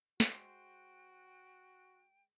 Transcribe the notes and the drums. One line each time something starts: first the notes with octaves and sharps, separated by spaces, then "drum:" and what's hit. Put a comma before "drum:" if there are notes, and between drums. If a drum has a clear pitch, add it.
G#3 F#4 C5 G5, drum: snare